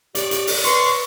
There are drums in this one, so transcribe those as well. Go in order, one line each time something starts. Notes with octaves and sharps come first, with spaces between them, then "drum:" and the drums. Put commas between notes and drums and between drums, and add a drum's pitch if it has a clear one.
G4 C#5 D5, drum: hi-hat
drum: hi-hat
drum: open hi-hat
B4 C6 C#6, drum: hi-hat